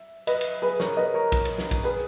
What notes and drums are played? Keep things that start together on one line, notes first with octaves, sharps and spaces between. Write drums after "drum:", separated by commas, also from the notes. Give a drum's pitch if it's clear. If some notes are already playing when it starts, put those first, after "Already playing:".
Already playing: E5
B4 D#5, drum: cymbal
drum: cymbal
G#4 B4
A#4 C#5, drum: snare
B4 D#5
A#4 C#5
drum: kick, cymbal
drum: cymbal
drum: snare
drum: kick, cymbal
G#4 B4